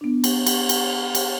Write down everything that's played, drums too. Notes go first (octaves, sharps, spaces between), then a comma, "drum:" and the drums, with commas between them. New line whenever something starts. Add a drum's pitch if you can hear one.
B3 D4
drum: cymbal
drum: cymbal
drum: cymbal
drum: cymbal